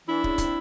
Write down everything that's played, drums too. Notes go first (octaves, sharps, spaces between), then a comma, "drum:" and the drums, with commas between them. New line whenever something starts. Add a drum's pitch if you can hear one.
E3 D4 E4
C#3, drum: kick
C4, drum: kick, hi-hat